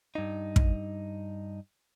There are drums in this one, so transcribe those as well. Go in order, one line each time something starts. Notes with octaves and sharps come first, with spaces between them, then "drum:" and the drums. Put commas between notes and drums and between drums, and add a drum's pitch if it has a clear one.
G2 D#4
drum: kick